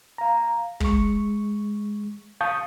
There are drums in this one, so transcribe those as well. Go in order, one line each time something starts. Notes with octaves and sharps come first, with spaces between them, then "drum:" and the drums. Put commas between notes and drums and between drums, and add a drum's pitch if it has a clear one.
F5 A#5
G#3 C#6, drum: kick
F5 A5 C#6 D#6 G6